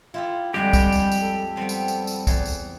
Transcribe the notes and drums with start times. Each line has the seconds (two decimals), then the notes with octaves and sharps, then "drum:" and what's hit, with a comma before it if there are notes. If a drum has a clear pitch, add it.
0.14 E4 F4 G4 A4
0.54 F2 D3 G3 G#3 G4 G5
0.73 drum: kick, tambourine
0.92 drum: tambourine
1.12 drum: tambourine
1.22 A4
1.57 G3 B3 C4
1.69 drum: tambourine
1.88 drum: tambourine
2.07 drum: tambourine
2.27 E2, drum: kick, tambourine
2.46 drum: tambourine